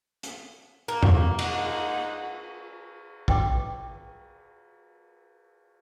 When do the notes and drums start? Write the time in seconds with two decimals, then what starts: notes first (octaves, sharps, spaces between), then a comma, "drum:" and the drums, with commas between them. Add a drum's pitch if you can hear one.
0.23 drum: hi-hat
0.88 A#3
1.03 drum: tom E2
1.39 G#3 D#4 F#5, drum: cymbal
3.28 B4 G5 D6, drum: kick